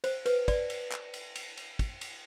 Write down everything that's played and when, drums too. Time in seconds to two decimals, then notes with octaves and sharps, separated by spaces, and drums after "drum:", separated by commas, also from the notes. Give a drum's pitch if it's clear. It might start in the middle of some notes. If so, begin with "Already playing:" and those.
0.04 C5, drum: cymbal
0.26 B4, drum: cymbal
0.48 D5, drum: kick, cymbal
0.70 drum: cymbal
0.92 drum: clap
1.14 drum: cymbal
1.36 drum: cymbal
1.57 drum: cymbal
1.79 drum: kick, cymbal
2.01 drum: cymbal